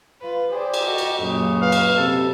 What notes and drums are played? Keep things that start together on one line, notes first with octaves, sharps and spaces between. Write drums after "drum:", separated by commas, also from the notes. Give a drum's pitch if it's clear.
F4 B4
G4 G#4 C5 D5
drum: cymbal
F#4 A4 D#5
drum: cymbal
F#2 A#2 C#3
B4 F5
drum: cymbal
C3 A4